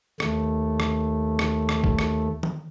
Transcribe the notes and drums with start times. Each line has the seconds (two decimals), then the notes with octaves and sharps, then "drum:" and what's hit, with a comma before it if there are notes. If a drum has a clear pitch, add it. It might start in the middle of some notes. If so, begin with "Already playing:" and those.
0.20 D#2 A3, drum: rim click
0.80 drum: rim click
1.39 drum: rim click
1.69 drum: rim click
1.84 drum: kick
1.99 drum: rim click
2.43 drum: tom D#3